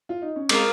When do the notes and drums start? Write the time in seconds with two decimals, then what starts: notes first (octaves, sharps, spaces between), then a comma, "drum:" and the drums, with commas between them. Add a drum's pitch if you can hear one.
0.09 F4
0.22 D#4
0.36 C#4
0.49 G#3 A#3 C4 F4 A#4, drum: cymbal